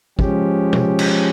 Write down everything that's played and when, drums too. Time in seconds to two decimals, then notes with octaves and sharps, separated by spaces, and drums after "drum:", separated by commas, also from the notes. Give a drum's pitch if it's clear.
0.19 F3 G#3 C#4 G4, drum: kick
0.73 drum: tom B2
0.99 drum: cymbal